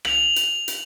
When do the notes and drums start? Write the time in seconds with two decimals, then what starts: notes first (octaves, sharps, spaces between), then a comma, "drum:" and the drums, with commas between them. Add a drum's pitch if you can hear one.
0.05 F7 F#7, drum: rim click
0.36 drum: hi-hat
0.68 drum: hi-hat